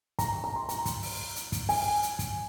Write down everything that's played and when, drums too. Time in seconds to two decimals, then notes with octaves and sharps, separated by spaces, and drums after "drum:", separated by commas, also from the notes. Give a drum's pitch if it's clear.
0.19 A#5, drum: kick, hi-hat
0.44 A#5
0.56 C6
0.69 A#5, drum: hi-hat
0.85 drum: kick, hi-hat
1.02 drum: open hi-hat
1.35 drum: hi-hat
1.52 drum: kick, hi-hat
1.69 G#5, drum: open hi-hat
2.02 drum: hi-hat
2.19 drum: kick, hi-hat